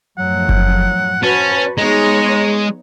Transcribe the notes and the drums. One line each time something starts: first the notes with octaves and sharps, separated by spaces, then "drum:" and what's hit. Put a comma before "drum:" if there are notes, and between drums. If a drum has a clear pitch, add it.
F#2 A2 F3 F#3 F#5
drum: kick F#1
C#4 F#4 B4 C5 A5
G#3 B3 D#4 G#4 C#5 A#5